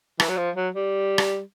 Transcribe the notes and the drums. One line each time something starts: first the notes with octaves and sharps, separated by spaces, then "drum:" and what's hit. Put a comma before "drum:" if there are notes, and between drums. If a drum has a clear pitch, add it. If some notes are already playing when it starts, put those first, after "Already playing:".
E3, drum: rim click
F#3
F3
F#3
G3
drum: rim click